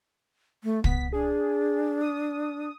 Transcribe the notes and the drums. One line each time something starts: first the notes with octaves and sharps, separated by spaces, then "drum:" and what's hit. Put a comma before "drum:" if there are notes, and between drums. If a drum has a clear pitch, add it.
A3
B3 B6, drum: kick
D4 G#4
D#6